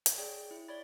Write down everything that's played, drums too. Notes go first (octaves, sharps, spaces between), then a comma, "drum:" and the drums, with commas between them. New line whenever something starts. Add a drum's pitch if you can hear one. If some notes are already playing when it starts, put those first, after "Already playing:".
drum: hi-hat
G#4 C#5 D5 G5
E4
C#5 D5 B5 A6